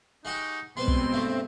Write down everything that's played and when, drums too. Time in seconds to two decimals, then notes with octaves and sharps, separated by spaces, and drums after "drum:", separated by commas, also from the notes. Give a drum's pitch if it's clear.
0.25 G#3 D#4 F#4 G4
0.77 B2 G3 G#3 B3 C4 C5 C6
0.88 drum: kick
1.13 G2 A3